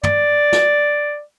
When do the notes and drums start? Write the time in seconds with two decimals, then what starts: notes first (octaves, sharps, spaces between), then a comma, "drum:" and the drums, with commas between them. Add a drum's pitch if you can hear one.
0.03 D5, drum: tom
0.53 drum: snare